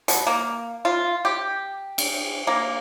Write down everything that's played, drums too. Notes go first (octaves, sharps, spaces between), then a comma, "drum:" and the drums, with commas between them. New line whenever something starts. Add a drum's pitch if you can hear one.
B2, drum: hi-hat
A#3
F4
G4
drum: cymbal
A#3